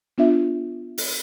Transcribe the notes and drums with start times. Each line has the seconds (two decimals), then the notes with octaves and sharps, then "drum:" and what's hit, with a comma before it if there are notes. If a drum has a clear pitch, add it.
0.18 B3 D4 F4 E5
0.98 drum: open hi-hat